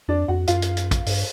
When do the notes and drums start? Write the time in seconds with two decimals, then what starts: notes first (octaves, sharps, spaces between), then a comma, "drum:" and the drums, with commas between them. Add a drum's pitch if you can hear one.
0.08 F2 D4 D5
0.28 F2 F#4 F#5
0.47 F#2 F4 F5, drum: hi-hat
0.62 drum: hi-hat
0.77 drum: hi-hat
0.91 drum: kick, hi-hat
1.06 G2, drum: open hi-hat